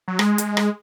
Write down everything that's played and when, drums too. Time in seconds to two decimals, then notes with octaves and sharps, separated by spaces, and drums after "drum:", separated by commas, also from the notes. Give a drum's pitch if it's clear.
0.08 F#3
0.19 G#3, drum: rim click
0.38 drum: hi-hat
0.57 drum: rim click